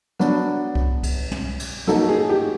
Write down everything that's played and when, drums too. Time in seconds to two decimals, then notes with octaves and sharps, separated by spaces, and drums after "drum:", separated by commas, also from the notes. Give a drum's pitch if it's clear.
0.19 F#3 B3 D4, drum: rim click
0.75 drum: kick C2
1.03 drum: kick C2, cymbal
1.31 drum: tom
1.59 drum: cymbal
1.87 F#3 A#3 D#4 F#4 A4, drum: rim click
2.09 G#4
2.30 G4